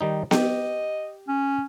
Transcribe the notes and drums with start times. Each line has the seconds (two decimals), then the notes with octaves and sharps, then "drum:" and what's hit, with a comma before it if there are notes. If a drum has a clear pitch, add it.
0.01 D#3 G3 D#4
0.31 G4 D#5, drum: snare B3
1.28 C#4